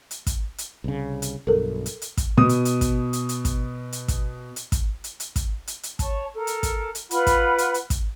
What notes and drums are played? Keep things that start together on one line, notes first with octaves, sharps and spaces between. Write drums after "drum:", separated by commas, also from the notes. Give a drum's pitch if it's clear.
drum: hi-hat
drum: kick, hi-hat
drum: hi-hat
C2 C#3
drum: hi-hat
B1 G2 A4 A#4
drum: hi-hat
drum: hi-hat
drum: kick, hi-hat
B2 D#6
drum: hi-hat
drum: hi-hat
drum: kick, hi-hat
drum: hi-hat
drum: hi-hat
drum: kick, hi-hat
drum: hi-hat
drum: kick, hi-hat
drum: hi-hat
drum: kick, hi-hat
drum: hi-hat
drum: hi-hat
drum: kick, hi-hat
drum: hi-hat
drum: hi-hat
C#5 A5 C#6, drum: kick, hi-hat
A4 A#4
drum: hi-hat
drum: kick, hi-hat
drum: hi-hat
F4 B4 F#5 B5, drum: hi-hat
drum: kick, hi-hat
drum: hi-hat
drum: hi-hat
drum: kick, hi-hat